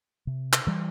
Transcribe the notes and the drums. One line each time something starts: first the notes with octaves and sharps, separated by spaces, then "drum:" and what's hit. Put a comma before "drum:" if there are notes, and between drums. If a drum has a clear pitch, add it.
C3
drum: clap
E3 G3